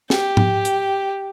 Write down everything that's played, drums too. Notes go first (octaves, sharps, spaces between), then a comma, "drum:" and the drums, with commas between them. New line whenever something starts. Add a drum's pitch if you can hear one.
G4, drum: snare
drum: tom G#2
drum: hi-hat